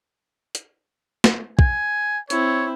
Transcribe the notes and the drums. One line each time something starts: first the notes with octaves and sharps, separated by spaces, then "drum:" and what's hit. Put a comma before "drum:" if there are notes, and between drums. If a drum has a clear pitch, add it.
drum: hi-hat
drum: snare
G#5, drum: kick
C4 E4 C#5, drum: hi-hat